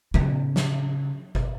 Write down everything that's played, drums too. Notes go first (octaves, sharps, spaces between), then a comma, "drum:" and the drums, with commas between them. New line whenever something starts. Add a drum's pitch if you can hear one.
C#3, drum: tom A2
drum: snare
drum: kick G1